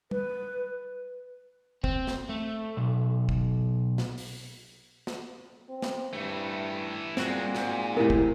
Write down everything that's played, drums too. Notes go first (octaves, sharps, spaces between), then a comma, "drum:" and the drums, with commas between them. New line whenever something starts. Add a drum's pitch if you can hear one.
B4, drum: tom
C4, drum: kick
drum: snare
A3
B1
drum: kick
drum: snare
drum: open hi-hat
drum: snare
C4
drum: snare
G2 E3 A3
G2 A#2 G#3 C4 F#4, drum: snare
G#2, drum: snare
A2 C3 E4 A#4
drum: kick